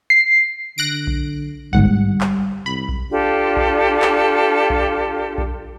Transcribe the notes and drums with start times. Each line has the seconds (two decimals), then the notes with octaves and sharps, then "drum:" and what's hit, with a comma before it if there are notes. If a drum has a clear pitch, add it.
0.10 C7
0.78 D3 F#6 A#6 D7
1.07 drum: kick A#1
1.73 G1 G#2 G3 F#5, drum: kick A#1
2.21 drum: clap
2.66 C2 B5
2.89 drum: kick A#1
3.10 D4 F4 G4 A4
3.57 drum: kick A#1
4.02 drum: clap
4.70 drum: kick A#1
5.38 drum: kick A#1